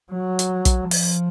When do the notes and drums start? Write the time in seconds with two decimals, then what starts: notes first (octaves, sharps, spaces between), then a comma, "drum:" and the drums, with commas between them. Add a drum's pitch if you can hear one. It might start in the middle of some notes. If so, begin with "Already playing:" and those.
0.12 F#3
0.39 drum: hi-hat
0.65 drum: kick, hi-hat
0.91 F3, drum: open hi-hat